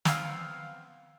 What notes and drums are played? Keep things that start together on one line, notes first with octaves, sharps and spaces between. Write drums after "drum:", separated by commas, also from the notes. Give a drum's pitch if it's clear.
B3 C4 F5, drum: snare